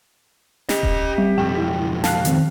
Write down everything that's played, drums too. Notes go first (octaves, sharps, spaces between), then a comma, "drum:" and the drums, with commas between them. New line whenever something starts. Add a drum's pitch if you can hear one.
C#4 G4 D#5, drum: snare
drum: kick D#1
G3 C4
B1 F2 G5
E4
F5 A5 F#6, drum: snare
D#3 C4, drum: hi-hat